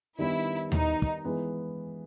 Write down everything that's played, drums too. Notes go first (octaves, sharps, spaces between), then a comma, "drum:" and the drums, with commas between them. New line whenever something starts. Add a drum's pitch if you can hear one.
D#3 G3 B3 D4 E4 G4
D#4, drum: tom D#2
drum: kick
E3 G#3 B3